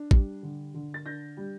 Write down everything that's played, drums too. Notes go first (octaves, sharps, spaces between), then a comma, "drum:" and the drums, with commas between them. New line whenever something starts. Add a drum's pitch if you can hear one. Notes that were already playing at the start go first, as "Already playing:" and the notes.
Already playing: D4
G3, drum: kick
D3
D3
A6
D4 G6 A#6
G3